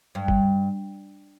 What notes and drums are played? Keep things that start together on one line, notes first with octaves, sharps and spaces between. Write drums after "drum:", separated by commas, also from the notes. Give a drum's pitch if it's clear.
G2
drum: kick